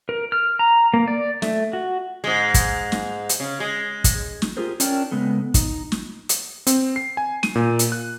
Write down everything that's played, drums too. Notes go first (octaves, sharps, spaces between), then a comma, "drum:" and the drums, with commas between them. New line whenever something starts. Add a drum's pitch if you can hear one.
A#4
F6
A#5
A#3
D5
A3, drum: snare
F#4
G#2 G#3
drum: kick, hi-hat
drum: snare
drum: hi-hat
C#3
G#3
drum: kick, hi-hat
drum: snare
F4 G4 G#4 A#4 C5
C#4 D4 A#4 G5, drum: hi-hat
C#3 G#3 B3 A4
D#4, drum: kick, hi-hat
drum: snare
drum: hi-hat
C4, drum: hi-hat
C7
G#5
D#7, drum: snare
A#2
drum: hi-hat
F#6